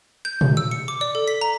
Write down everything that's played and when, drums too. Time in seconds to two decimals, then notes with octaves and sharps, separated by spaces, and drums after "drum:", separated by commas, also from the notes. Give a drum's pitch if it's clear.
0.25 G6
0.41 drum: tom A#2
0.57 E6
0.71 C#7
0.88 D6
1.01 D5
1.15 A4
1.28 B6
1.41 A#5